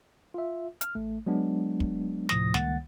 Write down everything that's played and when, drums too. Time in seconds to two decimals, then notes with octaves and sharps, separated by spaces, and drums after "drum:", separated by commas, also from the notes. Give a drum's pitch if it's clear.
0.34 F4 E5
0.81 F6, drum: hi-hat
0.95 A1 A3
1.26 F#3 G#3 B3 D4
1.80 drum: kick
2.29 D2 A2 C3 F3 D#6 A#6, drum: snare
2.54 C#2 D#3 G3 A#3 F#5 A6, drum: snare